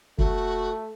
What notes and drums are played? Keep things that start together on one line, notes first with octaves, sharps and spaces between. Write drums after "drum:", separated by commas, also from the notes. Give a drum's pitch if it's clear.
A3 F#4, drum: kick